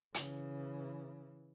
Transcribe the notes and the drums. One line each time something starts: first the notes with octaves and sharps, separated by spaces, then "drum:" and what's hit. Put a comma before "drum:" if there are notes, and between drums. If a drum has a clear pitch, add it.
C#3 E3, drum: hi-hat